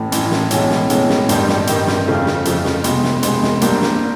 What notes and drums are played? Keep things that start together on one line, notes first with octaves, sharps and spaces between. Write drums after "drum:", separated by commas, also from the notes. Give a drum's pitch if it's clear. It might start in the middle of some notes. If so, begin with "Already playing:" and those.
Already playing: A1 A2 E3
A1 A2 E3, drum: hi-hat
drum: snare
B1 A2 E3 G#3 C#4, drum: hi-hat
drum: snare
B1 A2 E3 G#3 C#4, drum: hi-hat
drum: snare
A1 G2 D#3 G3, drum: hi-hat
drum: snare
A1 G2 D#3 G3, drum: hi-hat
drum: snare
F2 C#3 F3 A3
drum: snare
F2 C#3 F3 A3, drum: hi-hat
drum: snare
C2 B2 G#3, drum: hi-hat
drum: snare
C2 B2 G#3, drum: hi-hat
drum: snare
A#1 A#2 G3 A#3 D4, drum: hi-hat
drum: snare